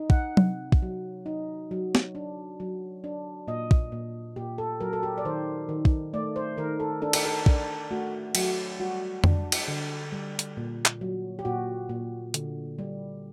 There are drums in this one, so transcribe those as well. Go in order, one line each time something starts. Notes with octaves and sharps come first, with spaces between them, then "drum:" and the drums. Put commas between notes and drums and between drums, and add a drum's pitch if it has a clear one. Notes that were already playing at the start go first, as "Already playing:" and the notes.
Already playing: D#4
F#5, drum: kick
C3, drum: tom F#3
drum: kick
F#3
D#4
F#3
drum: snare
D4
F#3
D4
A#2 D#5
drum: kick
A#2
A#2 G4
A4
F#3 A#4
A4
G4
D5
D#3 C5
D#3
drum: kick
A3 D5
C5
D#3 A#4
A4
D4 A4
A#4, drum: cymbal
A4
D4, drum: kick
A3 F#4
F#3 F#4, drum: cymbal
G3 F#4
D4, drum: tom F2
drum: cymbal
D3
G3
drum: hi-hat
A#2
drum: clap
F#3
G4
A#2 F#4
A#2
D3, drum: hi-hat
G3